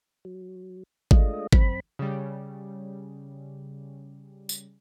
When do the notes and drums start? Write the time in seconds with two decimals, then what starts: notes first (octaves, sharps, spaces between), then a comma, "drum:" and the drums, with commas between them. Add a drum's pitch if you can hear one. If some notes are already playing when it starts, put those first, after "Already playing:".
0.25 F#3
1.11 G#3 A3 D4 F4 D#5, drum: kick G#1
1.53 F#2 C4 B5, drum: kick G#1
1.99 C#3 G3
4.49 drum: tambourine